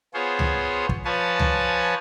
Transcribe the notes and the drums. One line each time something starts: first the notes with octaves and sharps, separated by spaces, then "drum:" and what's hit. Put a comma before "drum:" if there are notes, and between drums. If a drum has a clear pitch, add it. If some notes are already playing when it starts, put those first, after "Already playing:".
B3 F4 G#4 C5 C#5
drum: tom C#2
drum: kick
F3 B4 C#5 G#5 A5
drum: tom C#2